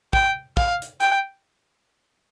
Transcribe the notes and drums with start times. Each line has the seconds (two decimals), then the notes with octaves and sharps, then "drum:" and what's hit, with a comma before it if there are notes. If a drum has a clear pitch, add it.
0.13 G5, drum: kick
0.57 F5, drum: kick
0.82 drum: hi-hat
1.01 G5, drum: hi-hat